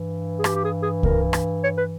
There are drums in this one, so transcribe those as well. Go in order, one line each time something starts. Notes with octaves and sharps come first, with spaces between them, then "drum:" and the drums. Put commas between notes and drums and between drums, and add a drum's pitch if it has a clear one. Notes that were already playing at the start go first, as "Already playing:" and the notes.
Already playing: G2 E3
G#4
G4, drum: rim click
G4
G#4
G#4
A#4, drum: kick C#2
drum: rim click
C#5
B4